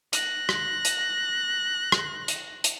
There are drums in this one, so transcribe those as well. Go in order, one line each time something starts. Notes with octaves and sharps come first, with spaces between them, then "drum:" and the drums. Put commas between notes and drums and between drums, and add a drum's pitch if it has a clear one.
F#6 A#6, drum: hi-hat
drum: rim click
drum: hi-hat
drum: rim click
drum: hi-hat
drum: hi-hat